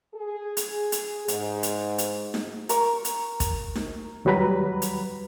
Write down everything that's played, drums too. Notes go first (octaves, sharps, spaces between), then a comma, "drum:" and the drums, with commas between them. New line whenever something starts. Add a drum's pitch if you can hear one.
G#4
drum: hi-hat
drum: hi-hat
G#2, drum: hi-hat
drum: hi-hat
drum: hi-hat
drum: snare D#4
A#4 C#6, drum: hi-hat
drum: hi-hat
drum: kick, hi-hat
drum: snare D#4
D#2 F#3 G3 B4 A#5 B5
drum: hi-hat